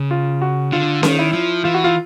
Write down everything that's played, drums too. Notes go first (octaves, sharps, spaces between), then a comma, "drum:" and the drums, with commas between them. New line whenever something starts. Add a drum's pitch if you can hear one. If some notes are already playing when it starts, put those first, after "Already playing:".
Already playing: C#3
F4
F#4
D3 F4
D#3, drum: snare C#4
E4
F3
E3 F4
F#4
F4